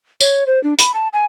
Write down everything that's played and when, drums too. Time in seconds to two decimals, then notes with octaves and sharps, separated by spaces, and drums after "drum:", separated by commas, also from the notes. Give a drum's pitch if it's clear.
0.21 C#5, drum: tambourine
0.47 C5
0.64 D4
0.79 B5, drum: hi-hat
0.94 A5
1.13 G#5